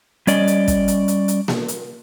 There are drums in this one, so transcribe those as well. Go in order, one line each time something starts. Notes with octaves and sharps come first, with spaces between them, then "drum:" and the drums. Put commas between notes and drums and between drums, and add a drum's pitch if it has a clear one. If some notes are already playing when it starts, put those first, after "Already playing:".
G3 C#4 D5 D#5, drum: hi-hat
drum: hi-hat
drum: kick, hi-hat
drum: hi-hat
drum: hi-hat
drum: hi-hat
drum: snare A#3
drum: hi-hat